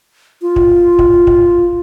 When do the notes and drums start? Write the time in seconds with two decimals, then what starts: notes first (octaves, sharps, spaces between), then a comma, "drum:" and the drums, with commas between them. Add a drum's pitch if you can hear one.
0.42 F4
0.56 drum: kick
0.99 drum: kick
1.27 drum: kick